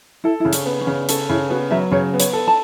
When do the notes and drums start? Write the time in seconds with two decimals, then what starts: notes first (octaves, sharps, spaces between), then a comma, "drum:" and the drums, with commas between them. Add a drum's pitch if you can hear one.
0.24 E4 A4
0.40 C#3 E4
0.53 C#4, drum: hi-hat
0.66 B3
0.81 C#4
0.87 C#3
1.09 C#4 A4, drum: hi-hat
1.29 C#3 E4
1.50 B3 F#4
1.71 F#3 E5
1.91 C#3 C#5
2.13 B3
2.20 C#5, drum: hi-hat
2.33 A4
2.47 A5